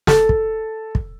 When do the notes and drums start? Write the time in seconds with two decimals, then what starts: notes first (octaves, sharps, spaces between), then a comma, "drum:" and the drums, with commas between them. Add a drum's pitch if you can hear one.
0.07 A4, drum: snare
0.29 drum: kick
0.95 drum: kick